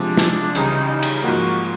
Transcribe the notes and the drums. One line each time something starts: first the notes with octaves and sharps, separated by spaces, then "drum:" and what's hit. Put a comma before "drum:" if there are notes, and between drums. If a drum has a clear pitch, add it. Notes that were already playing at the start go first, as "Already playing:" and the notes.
Already playing: C3 F3 G#3 D4
drum: snare
C#2 C#3 E3 G3 D#4, drum: hi-hat
D#4
drum: cymbal
G#2 F3 A#3 F#4